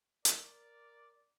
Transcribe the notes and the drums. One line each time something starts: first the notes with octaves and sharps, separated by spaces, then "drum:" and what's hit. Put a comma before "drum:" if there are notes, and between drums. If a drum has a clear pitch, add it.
A#4 D5, drum: hi-hat